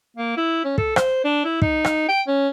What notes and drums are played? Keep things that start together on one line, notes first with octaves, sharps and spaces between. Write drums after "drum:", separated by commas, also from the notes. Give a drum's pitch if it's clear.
A#3
E4
C#4
A4, drum: kick
C5, drum: rim click
D4
E4
D#4, drum: kick
drum: rim click
G5
C#4